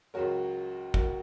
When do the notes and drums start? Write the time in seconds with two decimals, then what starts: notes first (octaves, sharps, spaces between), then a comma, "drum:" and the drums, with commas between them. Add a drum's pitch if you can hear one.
0.14 C#2 C#3 F#3 C#4 F#4 A#4
0.94 F#4 A#4, drum: kick